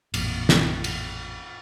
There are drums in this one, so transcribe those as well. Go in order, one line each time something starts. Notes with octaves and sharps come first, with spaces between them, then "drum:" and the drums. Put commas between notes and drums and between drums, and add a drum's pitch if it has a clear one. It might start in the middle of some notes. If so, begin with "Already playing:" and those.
A1 F2 A#2, drum: cymbal
drum: snare
drum: cymbal